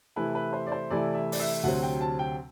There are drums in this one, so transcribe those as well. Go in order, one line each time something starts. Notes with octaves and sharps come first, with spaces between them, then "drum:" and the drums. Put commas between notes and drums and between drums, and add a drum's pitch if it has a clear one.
C3 E3 A3 E4 B4
B4
C5
D5
C5
C3 E3 A3 E4 D5
E5
D5, drum: open hi-hat
E5
D2 C3 F#3 C4 F#5
G5
A5
G5